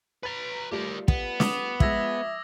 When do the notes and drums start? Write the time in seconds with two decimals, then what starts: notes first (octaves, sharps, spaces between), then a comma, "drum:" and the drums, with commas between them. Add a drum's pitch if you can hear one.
0.23 B4 A#5 B5 A6
0.72 G3 A3 F4 G4 A#4
1.08 B3, drum: kick
1.40 D6 D#6, drum: snare
1.80 F3 G#3 E5 E6 G#6 A#6, drum: kick